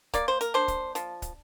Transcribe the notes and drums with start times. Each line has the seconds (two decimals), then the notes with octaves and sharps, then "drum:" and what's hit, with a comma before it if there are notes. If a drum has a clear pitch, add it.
0.14 A#3 D5, drum: kick, hi-hat
0.28 C5
0.41 A#4, drum: hi-hat
0.54 D4 C5
0.68 drum: kick, hi-hat
0.95 F3, drum: hi-hat
1.22 drum: kick, hi-hat